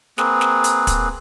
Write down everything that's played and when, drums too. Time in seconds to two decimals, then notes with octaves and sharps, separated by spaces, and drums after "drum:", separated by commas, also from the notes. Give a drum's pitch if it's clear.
0.18 A#3 C4 G#4 B4, drum: snare
0.41 drum: snare
0.64 drum: hi-hat
0.87 drum: kick, hi-hat